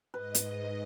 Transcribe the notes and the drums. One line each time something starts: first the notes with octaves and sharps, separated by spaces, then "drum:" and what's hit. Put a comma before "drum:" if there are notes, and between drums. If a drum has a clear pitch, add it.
G#2 B4 D#5
drum: hi-hat